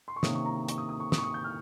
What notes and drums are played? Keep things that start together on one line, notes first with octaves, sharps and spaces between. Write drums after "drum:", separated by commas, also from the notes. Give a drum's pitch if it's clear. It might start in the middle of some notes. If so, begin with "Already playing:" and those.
C6
C#6
C3 D#3 A#3 C#4 D#6, drum: snare
C#6
A#5
C#6, drum: hi-hat
D#6
D#6
C#6
D#6, drum: snare
C#6
D#6
G6
F6